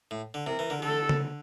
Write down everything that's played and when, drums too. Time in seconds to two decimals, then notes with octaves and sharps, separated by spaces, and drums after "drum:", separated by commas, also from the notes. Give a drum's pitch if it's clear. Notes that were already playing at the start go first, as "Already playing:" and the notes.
0.11 A2
0.34 D3
0.47 C3 A#4
0.59 E3
0.70 D3
0.82 D3 A4
1.09 drum: tom